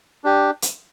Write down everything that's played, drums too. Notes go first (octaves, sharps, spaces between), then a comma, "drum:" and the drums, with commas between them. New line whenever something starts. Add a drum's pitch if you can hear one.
D4 G4
drum: hi-hat